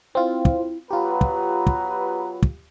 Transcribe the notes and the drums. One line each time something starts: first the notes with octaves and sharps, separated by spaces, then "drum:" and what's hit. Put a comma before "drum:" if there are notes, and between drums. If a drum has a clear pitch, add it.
C4 E4 F4
drum: kick
F#3 B3 F4 G4 B4 A#5
drum: kick
drum: kick
drum: kick